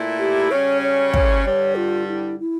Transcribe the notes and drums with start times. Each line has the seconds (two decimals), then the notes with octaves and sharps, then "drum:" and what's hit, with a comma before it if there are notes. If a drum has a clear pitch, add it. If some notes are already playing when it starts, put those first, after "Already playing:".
Already playing: A#2 A3 E4
0.19 G4
0.50 C#3 G3 C#4 C#5
0.82 C#5
1.14 C#5, drum: kick
1.45 G2 D3 G3 C#5
1.76 F4
2.08 E4
2.40 E4